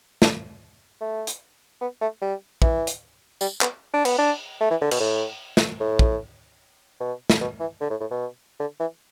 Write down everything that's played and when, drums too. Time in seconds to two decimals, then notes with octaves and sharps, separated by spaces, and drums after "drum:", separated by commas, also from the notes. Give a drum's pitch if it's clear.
0.22 D4, drum: snare
1.01 A3
1.27 drum: hi-hat
1.81 B3
2.01 A3
2.22 G3
2.62 E3, drum: kick
2.87 drum: hi-hat
3.41 G3, drum: tambourine
3.61 B3, drum: clap
3.94 D4
4.05 B3, drum: cymbal
4.18 D4
4.61 A3
4.71 E3
4.81 D3
4.91 B2, drum: cymbal
5.00 A2
5.57 drum: snare
5.80 A2
5.99 drum: kick
7.00 B2
7.30 drum: snare
7.41 B2
7.60 E3
7.81 D3
7.90 A2
8.00 A2
8.11 B2
8.60 D3
8.80 E3